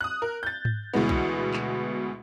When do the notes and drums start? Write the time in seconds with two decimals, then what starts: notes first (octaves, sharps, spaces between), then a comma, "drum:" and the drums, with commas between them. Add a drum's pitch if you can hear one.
0.01 D#6 F#6
0.22 A#4
0.43 G6 A6
0.65 drum: tom G#2
0.93 D2 B2 E3 G#3 B3
1.09 drum: kick B1
1.53 drum: clap